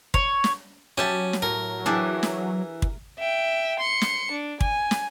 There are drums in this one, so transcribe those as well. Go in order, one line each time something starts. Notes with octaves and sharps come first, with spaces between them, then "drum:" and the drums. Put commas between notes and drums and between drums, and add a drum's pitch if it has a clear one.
C#5, drum: kick
drum: snare
F#3 C#4 G4 E5 A5
drum: snare
A2 A#4
E3 D4 G4 G#4
drum: snare
drum: kick
E5 G5
C6 C#7
drum: snare
D4
G#5, drum: kick
drum: snare